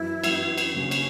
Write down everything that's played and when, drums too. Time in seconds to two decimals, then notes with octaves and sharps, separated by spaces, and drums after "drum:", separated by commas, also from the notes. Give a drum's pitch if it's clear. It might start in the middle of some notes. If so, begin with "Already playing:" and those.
Already playing: F#2 E3 B3 E4
0.24 F#2 E3 B3, drum: cymbal
0.58 drum: cymbal
0.74 D#2 C#3 F#3 C#4
0.91 drum: cymbal